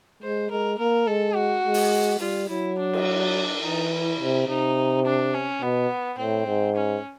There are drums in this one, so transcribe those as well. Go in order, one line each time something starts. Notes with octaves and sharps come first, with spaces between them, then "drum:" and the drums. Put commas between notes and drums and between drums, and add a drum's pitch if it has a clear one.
G#3 C5
G#3 A#4
A#3 A#4
G#3 A4
F#4
G#3
drum: open hi-hat
G3 F4
F#3 E4
D4
drum: cymbal
E3 D#4
E4
C3
C3 D#4
D4
C#4
B2 B3
A2 C4
G#2
C#4